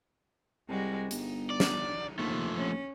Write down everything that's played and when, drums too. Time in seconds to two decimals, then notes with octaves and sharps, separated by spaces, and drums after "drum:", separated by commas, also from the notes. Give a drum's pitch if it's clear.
0.68 C2 G3 G#3 F#4
1.11 G1 D#4, drum: hi-hat
1.50 D5
1.60 drum: snare
2.19 D#2 F3 A3
2.56 A#1 C#4